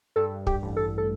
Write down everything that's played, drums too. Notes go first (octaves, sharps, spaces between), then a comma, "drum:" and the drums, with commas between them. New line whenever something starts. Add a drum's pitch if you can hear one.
G2 A4
G4, drum: kick
A1
A4
A4